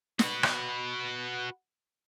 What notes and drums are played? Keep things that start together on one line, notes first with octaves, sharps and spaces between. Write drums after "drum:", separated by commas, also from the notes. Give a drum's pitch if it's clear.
F#4 B4, drum: snare
drum: rim click